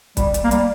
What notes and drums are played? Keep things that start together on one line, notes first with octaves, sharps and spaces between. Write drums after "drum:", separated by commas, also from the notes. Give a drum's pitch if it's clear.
G3, drum: kick, hi-hat
drum: hi-hat
A#3
G3, drum: hi-hat